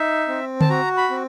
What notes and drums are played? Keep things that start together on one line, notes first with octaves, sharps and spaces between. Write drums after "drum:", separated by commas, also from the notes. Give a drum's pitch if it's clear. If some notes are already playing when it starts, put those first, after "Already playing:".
Already playing: D#4 E5
C4
A5, drum: tom D3
F#4 A#5
B5
C4